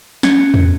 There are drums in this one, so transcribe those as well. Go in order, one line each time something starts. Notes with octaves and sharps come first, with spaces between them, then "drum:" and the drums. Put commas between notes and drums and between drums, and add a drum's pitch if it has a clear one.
C#4, drum: snare
drum: tom E2